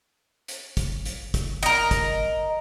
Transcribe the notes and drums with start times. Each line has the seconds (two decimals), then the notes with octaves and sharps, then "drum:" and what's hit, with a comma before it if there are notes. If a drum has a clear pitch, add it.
0.48 drum: hi-hat
0.77 drum: kick, hi-hat
1.05 drum: hi-hat
1.34 drum: kick, hi-hat
1.63 A#4 D#5
1.91 drum: kick, hi-hat